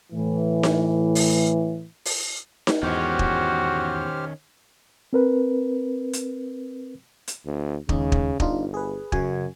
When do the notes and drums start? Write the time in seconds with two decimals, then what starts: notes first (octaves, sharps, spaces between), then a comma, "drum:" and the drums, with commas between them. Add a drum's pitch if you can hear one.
0.12 A2 E3
0.63 drum: snare D#4
1.15 drum: open hi-hat
2.05 drum: open hi-hat
2.67 drum: snare D#4
2.83 E2 G#2 D#3 C#4 F#4 G4 C5 F6
3.19 drum: kick
5.13 C4 A#4 B4
6.13 drum: hi-hat
7.28 drum: hi-hat
7.45 D2
7.89 D#2 C#3 G#3 D#4, drum: kick
8.12 drum: kick
8.40 G1 D4 D#4 F4, drum: kick
8.74 G#4 B4
9.12 F#2 C#3 F#4 G#5, drum: kick